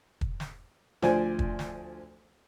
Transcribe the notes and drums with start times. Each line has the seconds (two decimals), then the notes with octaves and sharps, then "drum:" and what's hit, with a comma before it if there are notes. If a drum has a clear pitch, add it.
0.21 drum: kick
0.40 drum: snare
1.02 D2 F3 C5 D5 G#5, drum: snare
1.39 drum: kick
1.59 drum: snare